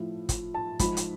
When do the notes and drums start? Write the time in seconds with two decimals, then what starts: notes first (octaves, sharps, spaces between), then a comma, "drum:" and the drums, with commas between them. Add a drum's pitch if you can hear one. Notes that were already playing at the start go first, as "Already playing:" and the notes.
Already playing: A2 F3
0.29 drum: kick, hi-hat
0.55 A5
0.79 G#2 F3 B5, drum: kick, hi-hat
0.97 drum: hi-hat